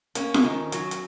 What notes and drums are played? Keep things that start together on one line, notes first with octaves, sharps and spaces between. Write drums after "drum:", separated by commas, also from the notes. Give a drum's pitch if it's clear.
A#3 C#4, drum: hi-hat
drum: snare F4
D#3
F#3, drum: hi-hat
drum: hi-hat